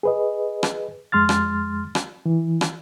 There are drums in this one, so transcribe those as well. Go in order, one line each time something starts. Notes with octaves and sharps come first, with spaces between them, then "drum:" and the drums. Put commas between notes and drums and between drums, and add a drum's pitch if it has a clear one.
G#4 B4 D#5
drum: rim click
F2 G#3 C6 F6 A6
drum: rim click
drum: rim click
E3
drum: rim click